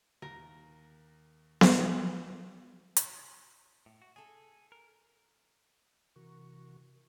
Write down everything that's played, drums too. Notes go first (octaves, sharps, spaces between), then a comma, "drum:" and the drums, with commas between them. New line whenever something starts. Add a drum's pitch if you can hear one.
D#2 A#4
drum: snare B3
drum: hi-hat
A2
F#4
G#4 A4 G#5
A#4
C3 E3 F#4 A#4 C#6